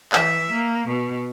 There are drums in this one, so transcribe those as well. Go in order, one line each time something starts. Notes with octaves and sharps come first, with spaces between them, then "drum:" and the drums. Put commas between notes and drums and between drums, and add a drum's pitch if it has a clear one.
E3 E5, drum: clap
A#3
B2